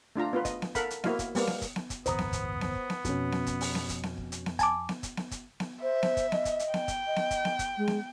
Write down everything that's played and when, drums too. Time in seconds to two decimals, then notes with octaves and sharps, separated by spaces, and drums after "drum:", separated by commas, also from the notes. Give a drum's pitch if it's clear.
0.16 A3 D4 F4 A#5
0.33 B3 F4 B4
0.45 D#5, drum: kick, hi-hat
0.62 drum: snare B3
0.75 A4 A#4 F5 F#5 B5, drum: kick, hi-hat
0.90 drum: hi-hat
1.04 A#3 E4 F#4 D#5 F5, drum: snare B3
1.19 drum: kick, hi-hat
1.35 G3 A#3 B3, drum: open hi-hat
1.47 drum: snare B3
1.62 drum: kick, hi-hat
1.76 drum: snare B3
1.90 drum: kick, hi-hat
2.06 D1 G1 E2 B3 C5 A#5 D#6, drum: hi-hat
2.19 drum: snare B3
2.33 drum: kick, hi-hat
2.61 drum: snare B3
2.75 drum: kick
2.90 drum: snare B3
3.05 F2 B2 C#4, drum: kick, hi-hat
3.32 drum: snare B3
3.47 drum: kick, hi-hat
3.61 drum: open hi-hat
3.75 drum: snare B3
3.89 drum: kick, hi-hat
4.03 drum: snare B3
4.18 drum: kick
4.32 drum: hi-hat
4.46 drum: snare B3
4.59 G#5 A5 D6, drum: kick, hi-hat
4.89 drum: snare B3
5.03 drum: kick, hi-hat
5.17 drum: snare B3
5.31 drum: kick, hi-hat
5.60 drum: snare B3
5.83 C5 E5
6.03 drum: snare B3
6.17 drum: kick, hi-hat
6.32 D#5, drum: snare B3
6.45 drum: kick, hi-hat
6.59 drum: hi-hat
6.74 G5, drum: snare B3
6.88 drum: kick, hi-hat
7.07 D#5
7.16 drum: snare B3
7.31 drum: kick, hi-hat
7.45 drum: snare B3
7.59 drum: kick, hi-hat
7.78 G#3
7.87 drum: snare B3